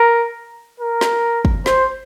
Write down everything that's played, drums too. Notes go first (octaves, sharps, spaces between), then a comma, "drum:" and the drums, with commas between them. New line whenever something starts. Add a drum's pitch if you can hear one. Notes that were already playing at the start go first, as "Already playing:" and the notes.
Already playing: A#4
A#4
drum: snare
drum: kick
C5, drum: snare